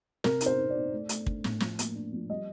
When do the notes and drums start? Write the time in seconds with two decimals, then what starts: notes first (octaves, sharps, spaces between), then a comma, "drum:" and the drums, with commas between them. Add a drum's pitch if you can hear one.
0.24 C3 A#4, drum: snare
0.41 D#4, drum: hi-hat
0.46 C5
0.58 D#4
0.70 D5
0.75 D#4
0.92 A3
1.09 A3, drum: hi-hat
1.26 D4, drum: kick
1.44 A2, drum: snare
1.60 F3, drum: snare
1.79 A#3, drum: hi-hat
1.95 D4
2.13 F3
2.29 G3 D#5